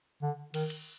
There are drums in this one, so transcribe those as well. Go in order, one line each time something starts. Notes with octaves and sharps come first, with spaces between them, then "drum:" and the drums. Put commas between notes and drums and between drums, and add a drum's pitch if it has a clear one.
D3
D#3, drum: cymbal
drum: cymbal